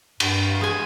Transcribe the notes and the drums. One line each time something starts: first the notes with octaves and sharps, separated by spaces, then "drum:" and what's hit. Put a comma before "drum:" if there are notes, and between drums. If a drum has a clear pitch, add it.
G2, drum: cymbal
G#3 G#5